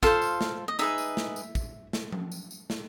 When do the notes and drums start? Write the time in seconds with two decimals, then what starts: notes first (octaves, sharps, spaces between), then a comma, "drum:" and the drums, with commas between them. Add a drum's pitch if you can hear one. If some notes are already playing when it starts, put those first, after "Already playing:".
0.03 F4 A4 C5 F5, drum: kick, tambourine
0.22 drum: tambourine
0.41 drum: snare
0.68 D#5
0.79 D#4 G#4 B4 E5, drum: tambourine
0.98 drum: tambourine
1.17 drum: snare
1.36 drum: tambourine
1.55 drum: kick, tambourine
1.93 drum: snare
2.12 drum: tom F3
2.32 drum: tambourine
2.51 drum: tambourine
2.70 drum: snare